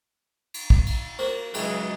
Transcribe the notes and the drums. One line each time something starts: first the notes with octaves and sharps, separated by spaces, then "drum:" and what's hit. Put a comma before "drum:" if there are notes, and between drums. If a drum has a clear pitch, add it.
drum: cymbal
drum: kick
drum: cymbal
A#3 F#4 C5
C#2 E3 F#3 G#4 D#5, drum: cymbal